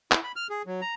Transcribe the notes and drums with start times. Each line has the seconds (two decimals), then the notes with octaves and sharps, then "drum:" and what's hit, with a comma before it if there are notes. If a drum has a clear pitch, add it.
0.12 E4, drum: clap
0.24 B5
0.36 F6
0.50 G#4
0.67 F#3
0.81 A#5